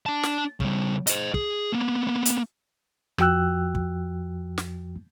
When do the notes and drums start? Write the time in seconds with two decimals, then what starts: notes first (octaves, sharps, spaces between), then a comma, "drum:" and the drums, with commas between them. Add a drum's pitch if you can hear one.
0.06 D4 A5
0.23 drum: snare
0.60 C#3 G3, drum: kick
1.07 C5 D#5, drum: hi-hat
1.34 G#4, drum: kick
1.72 A#3 B3
2.07 A#3 B3
2.25 drum: hi-hat
3.18 F2 F3 F#4 G5 E6 F#6, drum: rim click
3.75 drum: kick
4.58 drum: snare